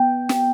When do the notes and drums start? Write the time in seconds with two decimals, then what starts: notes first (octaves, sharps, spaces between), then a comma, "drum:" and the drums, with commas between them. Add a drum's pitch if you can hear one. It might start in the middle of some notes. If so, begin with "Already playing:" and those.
Already playing: B3 G5
0.29 drum: snare